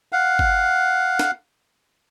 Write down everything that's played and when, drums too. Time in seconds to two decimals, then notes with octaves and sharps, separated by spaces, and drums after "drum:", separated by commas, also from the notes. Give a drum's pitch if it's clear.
0.12 F5 F#5
0.39 drum: kick G1
1.19 drum: snare